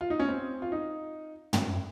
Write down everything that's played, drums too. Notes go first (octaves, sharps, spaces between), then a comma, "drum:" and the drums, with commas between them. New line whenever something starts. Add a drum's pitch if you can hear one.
F4
D#4
C#4
C4
F4
D#4
drum: tom